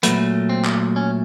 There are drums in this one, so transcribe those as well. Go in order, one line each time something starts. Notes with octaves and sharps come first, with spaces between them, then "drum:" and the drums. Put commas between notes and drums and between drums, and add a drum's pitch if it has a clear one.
A#2 F#3 A3 B3, drum: hi-hat
C4
drum: clap
C#4